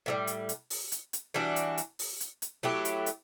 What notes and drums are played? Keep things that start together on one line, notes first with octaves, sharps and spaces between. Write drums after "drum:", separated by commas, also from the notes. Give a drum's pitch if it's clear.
A2 E3 G3
drum: hi-hat
drum: hi-hat
drum: open hi-hat
drum: hi-hat
drum: hi-hat
E3 G3 D4 F#4
drum: hi-hat
drum: hi-hat
drum: open hi-hat
drum: hi-hat
drum: hi-hat
F#3 A3 E4 G4
drum: hi-hat
drum: hi-hat